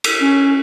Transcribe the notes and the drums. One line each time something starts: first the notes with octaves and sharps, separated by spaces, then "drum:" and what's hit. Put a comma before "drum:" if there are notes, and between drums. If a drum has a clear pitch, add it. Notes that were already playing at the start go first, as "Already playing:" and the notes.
drum: cymbal
C#4